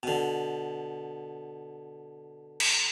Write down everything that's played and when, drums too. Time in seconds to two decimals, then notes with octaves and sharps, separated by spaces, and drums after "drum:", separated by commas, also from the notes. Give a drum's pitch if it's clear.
0.03 B2 D3
2.60 drum: cymbal